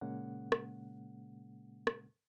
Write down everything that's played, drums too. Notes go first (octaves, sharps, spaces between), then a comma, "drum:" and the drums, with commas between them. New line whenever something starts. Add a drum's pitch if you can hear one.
A#2 C#3 G#3 A#3 C#4 F#5
drum: rim click
drum: rim click